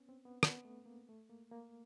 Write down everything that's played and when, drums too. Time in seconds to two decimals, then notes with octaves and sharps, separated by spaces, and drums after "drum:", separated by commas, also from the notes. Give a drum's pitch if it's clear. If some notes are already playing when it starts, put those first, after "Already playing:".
Already playing: B3 C#4
0.09 C4
0.25 B3
0.43 B3, drum: rim click
0.65 A3
0.86 A#3
1.09 A3
1.30 A#3
1.51 A#3